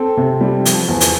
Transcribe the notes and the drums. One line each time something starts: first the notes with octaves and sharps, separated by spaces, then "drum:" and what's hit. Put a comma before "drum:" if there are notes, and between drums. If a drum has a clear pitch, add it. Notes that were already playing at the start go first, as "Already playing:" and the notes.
Already playing: C4 A4
C3
G3
F3, drum: hi-hat
E2
drum: hi-hat